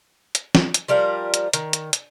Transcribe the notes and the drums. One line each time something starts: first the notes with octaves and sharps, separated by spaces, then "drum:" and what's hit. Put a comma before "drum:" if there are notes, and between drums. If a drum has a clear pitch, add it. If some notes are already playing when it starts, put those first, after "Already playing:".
drum: hi-hat
drum: snare
drum: hi-hat
F3 G3 A#4 F5
drum: hi-hat
D#3, drum: hi-hat
drum: hi-hat
drum: hi-hat